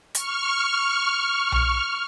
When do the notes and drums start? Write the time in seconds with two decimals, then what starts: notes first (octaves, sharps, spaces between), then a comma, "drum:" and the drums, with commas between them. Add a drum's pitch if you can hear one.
0.15 C#6 F6, drum: hi-hat
1.52 drum: tom B1